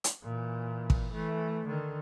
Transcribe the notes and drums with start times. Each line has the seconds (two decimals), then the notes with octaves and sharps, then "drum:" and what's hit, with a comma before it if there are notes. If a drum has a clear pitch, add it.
0.04 drum: hi-hat
0.24 A#2 E3
0.90 drum: kick
1.13 E3 A3
1.67 D3 D#3